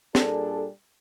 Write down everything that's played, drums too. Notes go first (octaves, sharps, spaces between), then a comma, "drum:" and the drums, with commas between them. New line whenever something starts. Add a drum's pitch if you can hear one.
A#2 G3 D4 G#4 A4, drum: snare